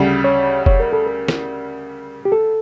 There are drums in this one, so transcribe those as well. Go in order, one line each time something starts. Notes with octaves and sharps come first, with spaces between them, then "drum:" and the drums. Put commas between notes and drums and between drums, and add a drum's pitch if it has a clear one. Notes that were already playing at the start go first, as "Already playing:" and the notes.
Already playing: D2 C#3 G3
C#5
C#5, drum: kick F1
A#4
A4
A#4
drum: snare
G4
A4